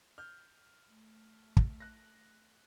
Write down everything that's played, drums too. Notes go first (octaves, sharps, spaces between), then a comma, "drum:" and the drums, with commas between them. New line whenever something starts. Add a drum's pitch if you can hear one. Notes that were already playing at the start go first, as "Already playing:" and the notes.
F6 G6
A3
drum: kick
F#6 A#6